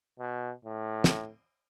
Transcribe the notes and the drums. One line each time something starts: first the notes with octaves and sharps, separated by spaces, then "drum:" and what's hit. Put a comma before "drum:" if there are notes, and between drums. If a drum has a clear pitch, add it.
B2
A2
drum: snare